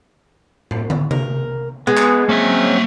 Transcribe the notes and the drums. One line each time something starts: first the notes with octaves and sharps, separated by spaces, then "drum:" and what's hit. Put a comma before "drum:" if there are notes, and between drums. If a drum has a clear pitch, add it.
drum: tom
drum: tom
A#4, drum: tom C3
G#3 B3 G#4
drum: clap
F#3 A#3 C4 C#4 E5